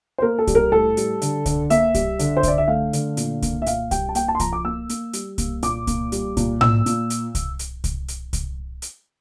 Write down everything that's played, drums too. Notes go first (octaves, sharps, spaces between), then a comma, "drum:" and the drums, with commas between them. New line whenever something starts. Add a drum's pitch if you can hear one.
C5
A#3 A#4
A4
G3, drum: kick C2, hi-hat
A#4
A2 A4
G3, drum: hi-hat
D3, drum: hi-hat
D3, drum: kick C2, hi-hat
A#3 E5, drum: hi-hat
G3, drum: kick C2, hi-hat
D3, drum: hi-hat
C5
D3 D5, drum: kick C2, hi-hat
E5
A3 F5
D3, drum: hi-hat
A#2, drum: hi-hat
A#3, drum: kick C2, hi-hat
E5
A#2 F5, drum: hi-hat
G3 G5, drum: kick C2, hi-hat
A5
A#3 G5, drum: hi-hat
A5
C6
F3 A#5, drum: kick C2, hi-hat
D6
A#3 E6
A#3, drum: hi-hat
G3, drum: hi-hat
A#3, drum: kick C2, hi-hat
A#2 D6, drum: hi-hat
A#3, drum: kick C2, hi-hat
G3, drum: hi-hat
A#2, drum: kick C2, hi-hat
A#2 E6, drum: tom A2
A#2, drum: hi-hat
drum: hi-hat
drum: kick C2, hi-hat
drum: hi-hat
drum: kick C2, hi-hat
drum: hi-hat
drum: kick C2, hi-hat
drum: hi-hat